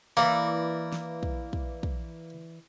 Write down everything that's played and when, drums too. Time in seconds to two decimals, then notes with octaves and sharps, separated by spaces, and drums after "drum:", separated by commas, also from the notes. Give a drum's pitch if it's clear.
0.17 E3 A#3 D5
0.92 drum: snare
1.23 drum: kick
1.53 drum: kick
1.83 drum: kick